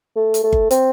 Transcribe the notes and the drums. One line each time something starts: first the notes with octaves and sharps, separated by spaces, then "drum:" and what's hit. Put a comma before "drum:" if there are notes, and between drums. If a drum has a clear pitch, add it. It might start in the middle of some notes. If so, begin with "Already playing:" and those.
A3
drum: hi-hat
A3
drum: kick G1
C4, drum: hi-hat